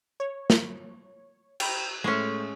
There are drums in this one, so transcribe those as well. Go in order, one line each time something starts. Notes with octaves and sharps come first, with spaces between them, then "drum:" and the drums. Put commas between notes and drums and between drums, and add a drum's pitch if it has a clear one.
C#5
drum: snare
G5 A#5 B5, drum: cymbal
A2 G#3 A3 C#4 C#6